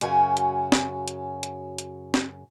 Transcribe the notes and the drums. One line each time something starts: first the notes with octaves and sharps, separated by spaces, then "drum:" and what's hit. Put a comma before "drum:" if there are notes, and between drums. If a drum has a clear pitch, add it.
F#2 C#3 C#4 F#4 G#5, drum: hi-hat
drum: hi-hat
drum: snare
drum: hi-hat
drum: hi-hat
drum: hi-hat
drum: snare